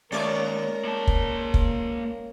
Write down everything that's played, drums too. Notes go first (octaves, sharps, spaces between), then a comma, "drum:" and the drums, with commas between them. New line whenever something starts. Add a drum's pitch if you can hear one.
D#2 G#3 C#4 A#4 D5
A#3 A5
drum: kick
drum: kick